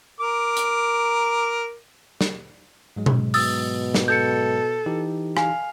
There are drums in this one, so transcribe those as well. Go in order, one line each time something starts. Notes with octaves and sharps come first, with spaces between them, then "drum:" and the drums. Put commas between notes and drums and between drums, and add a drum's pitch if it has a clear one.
A#4 D6
drum: hi-hat
drum: snare
G#2 F#3 G#3
drum: tom B2
B2 D#6 E6 A6, drum: open hi-hat
drum: snare
A4 G6 C#7
E3 D#4 G4
F5 G#5, drum: rim click